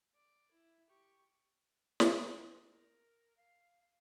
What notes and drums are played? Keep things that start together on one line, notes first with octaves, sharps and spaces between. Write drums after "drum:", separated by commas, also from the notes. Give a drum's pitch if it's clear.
D5
E4
G4 C#6
G4, drum: snare
D#4
A#4
F5